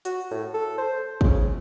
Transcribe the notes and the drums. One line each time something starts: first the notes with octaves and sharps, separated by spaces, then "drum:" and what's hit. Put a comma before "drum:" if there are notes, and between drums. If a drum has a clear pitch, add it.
F#4, drum: hi-hat
A2
A4
C5
C#3, drum: kick